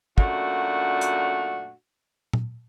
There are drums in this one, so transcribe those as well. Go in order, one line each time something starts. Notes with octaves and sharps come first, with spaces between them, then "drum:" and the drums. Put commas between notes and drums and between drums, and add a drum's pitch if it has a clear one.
F#2 A#2 A3 D4 F#4, drum: kick
drum: hi-hat
drum: tom A#2